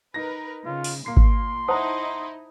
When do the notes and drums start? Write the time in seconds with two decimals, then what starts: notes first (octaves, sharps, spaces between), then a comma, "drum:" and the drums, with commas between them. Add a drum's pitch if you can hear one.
0.14 D#4 A#4 B4 A#6
0.66 C#3 F4
0.84 drum: open hi-hat
1.06 A#2 A#3 C6 C7
1.17 drum: kick G#1
1.68 D#4 E4 C5 D#5 F#5 A5 A#5 D#6